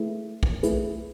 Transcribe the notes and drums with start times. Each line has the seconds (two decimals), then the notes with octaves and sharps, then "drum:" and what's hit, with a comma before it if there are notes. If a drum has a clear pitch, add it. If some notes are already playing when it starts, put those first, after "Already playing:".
Already playing: A3 E4 G#4 B4
0.43 drum: kick B1
0.63 A3 E4 G#4 B4, drum: hi-hat